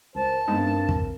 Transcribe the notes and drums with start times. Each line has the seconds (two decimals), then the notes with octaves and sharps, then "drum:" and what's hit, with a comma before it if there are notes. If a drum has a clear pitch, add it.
0.15 C#2 E4 A#4 C5 A5
0.48 G2 G#3 B3 C4 D#4 A#4
0.89 drum: kick